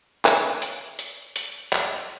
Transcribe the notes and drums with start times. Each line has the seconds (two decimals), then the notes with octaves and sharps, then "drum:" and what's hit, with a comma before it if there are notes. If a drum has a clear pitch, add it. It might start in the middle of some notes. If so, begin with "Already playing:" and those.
0.25 B4 C#5 E5, drum: clap
0.62 drum: hi-hat
0.99 drum: hi-hat
1.36 drum: hi-hat
1.73 drum: clap